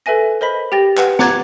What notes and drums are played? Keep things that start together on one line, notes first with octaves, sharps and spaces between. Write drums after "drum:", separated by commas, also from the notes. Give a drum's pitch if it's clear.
A4 B4 E5 G#5 A#6
A#4 C5 D#5 B5 B6
G4 G5 A6 A#6
B4 F#5, drum: clap
F#5 A#5 D6 F#6 G#6 A6, drum: snare